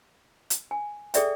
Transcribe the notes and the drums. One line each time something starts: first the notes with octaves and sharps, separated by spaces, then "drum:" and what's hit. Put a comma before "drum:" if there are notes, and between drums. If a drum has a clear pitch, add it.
drum: hi-hat
G#5
G#4 A4 D5 E5 G5, drum: hi-hat